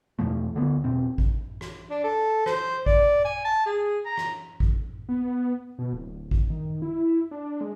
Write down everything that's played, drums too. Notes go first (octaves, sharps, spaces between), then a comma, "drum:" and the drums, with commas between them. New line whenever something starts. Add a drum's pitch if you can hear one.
E2 B2 F3 A3
D2 D3 D#3 B3
E1 B2 C4
drum: kick A1
drum: rim click
D4
A4
C5, drum: rim click
D5, drum: kick A1
G#5
A5
G#4
A#5
drum: rim click
drum: kick A1
B3
B2
D1
drum: kick A1
D#3
E4
D4
G#3